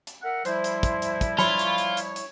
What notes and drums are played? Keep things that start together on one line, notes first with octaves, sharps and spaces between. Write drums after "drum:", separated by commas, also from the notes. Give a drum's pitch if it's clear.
drum: hi-hat
A#4 E5 F#5
F3 G3 E4 C5, drum: hi-hat
drum: hi-hat
drum: kick, hi-hat
drum: hi-hat
drum: kick, hi-hat
F4 C#5 B5, drum: snare
drum: hi-hat
drum: hi-hat
drum: hi-hat
drum: hi-hat